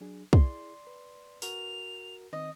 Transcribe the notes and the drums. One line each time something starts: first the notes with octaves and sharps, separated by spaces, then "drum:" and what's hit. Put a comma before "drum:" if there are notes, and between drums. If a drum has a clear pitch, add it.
F#3 D4 G#4
E4 G#4 D5 C6, drum: kick
B4
F#4 A#4 F7, drum: open hi-hat
D#3 C4 D#5